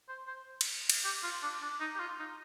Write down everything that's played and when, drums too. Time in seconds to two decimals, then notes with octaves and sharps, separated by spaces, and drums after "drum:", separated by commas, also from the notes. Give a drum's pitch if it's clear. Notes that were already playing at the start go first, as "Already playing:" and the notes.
0.09 C5
0.27 C5
0.61 drum: cymbal
0.90 drum: cymbal
1.04 G4
1.24 F4
1.42 D4
1.62 D4
1.80 D#4
1.95 G4
2.00 F4
2.19 D#4